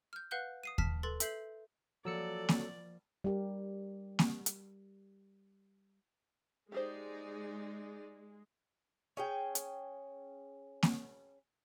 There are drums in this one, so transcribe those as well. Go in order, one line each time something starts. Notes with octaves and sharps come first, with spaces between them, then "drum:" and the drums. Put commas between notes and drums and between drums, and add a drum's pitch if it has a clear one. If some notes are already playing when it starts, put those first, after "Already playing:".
F6 G6
B4 F5 F#5 F#6 G6 G7
D#6 C7 D#7
A5 F6 B6, drum: kick D#2
A4 B4 C6 A6 F#7
A4 E5 G6 C7 F#7, drum: hi-hat
F3 F#3 A#3 A4 D5 E6 C#7
drum: snare A#3
G3 G4 A#4
drum: snare A#3
drum: hi-hat
G#3 D#4 G4 G#4 C5 D5
C#4 G#4 G5
drum: hi-hat
drum: snare A#3